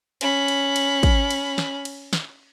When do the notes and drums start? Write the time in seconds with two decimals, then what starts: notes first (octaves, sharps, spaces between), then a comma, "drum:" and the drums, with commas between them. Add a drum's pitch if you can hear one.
0.21 C#4 B5, drum: cymbal
0.48 drum: cymbal
0.76 drum: cymbal
1.03 drum: kick, cymbal
1.31 drum: cymbal
1.58 drum: snare
1.85 drum: cymbal
2.13 drum: snare